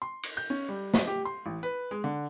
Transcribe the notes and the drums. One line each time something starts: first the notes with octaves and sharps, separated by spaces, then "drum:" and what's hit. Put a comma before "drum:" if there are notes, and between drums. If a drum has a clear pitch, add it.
C6
drum: cymbal
G6
C#4
G3
D#5, drum: snare
G4
C6
A1
B4
G#3
D3